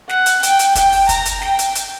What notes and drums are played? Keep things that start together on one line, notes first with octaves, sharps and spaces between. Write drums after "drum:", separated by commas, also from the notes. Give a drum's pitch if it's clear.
F#5, drum: snare
drum: hi-hat
G5, drum: hi-hat
drum: hi-hat
G5, drum: kick, hi-hat
drum: open hi-hat
A#5, drum: kick, hi-hat
drum: hi-hat
G5, drum: snare
drum: hi-hat
drum: hi-hat